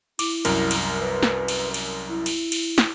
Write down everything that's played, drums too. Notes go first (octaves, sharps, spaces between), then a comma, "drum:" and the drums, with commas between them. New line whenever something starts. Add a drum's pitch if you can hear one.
E4 D6, drum: cymbal
C2 F#2 A#4, drum: cymbal
drum: cymbal
B4
drum: snare
drum: cymbal
drum: cymbal
E4
drum: cymbal
drum: cymbal
drum: snare